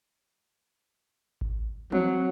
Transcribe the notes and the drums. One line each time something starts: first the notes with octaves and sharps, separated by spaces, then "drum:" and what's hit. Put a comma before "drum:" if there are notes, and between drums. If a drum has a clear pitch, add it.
drum: kick G#1
F#3 C4, drum: tom E3